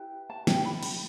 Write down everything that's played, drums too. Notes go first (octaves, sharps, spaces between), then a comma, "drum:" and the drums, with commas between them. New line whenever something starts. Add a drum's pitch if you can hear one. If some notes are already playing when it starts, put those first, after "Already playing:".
Already playing: E4 G4 B4
A5
G5, drum: snare
B5
B5, drum: cymbal